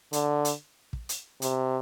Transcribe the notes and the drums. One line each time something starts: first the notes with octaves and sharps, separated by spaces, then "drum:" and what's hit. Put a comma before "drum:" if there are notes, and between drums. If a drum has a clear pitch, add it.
D3, drum: hi-hat
drum: hi-hat
drum: kick
drum: hi-hat
C3, drum: hi-hat